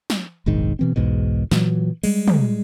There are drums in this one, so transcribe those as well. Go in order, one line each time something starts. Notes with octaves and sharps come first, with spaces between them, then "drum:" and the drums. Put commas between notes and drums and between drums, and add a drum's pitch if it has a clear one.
drum: snare
F1 A#1 G#2 D#3
B2 E3 C4
B1 E2 G#2 B2
A#2 E3 F#3, drum: snare
G3 G#3, drum: cymbal
drum: tom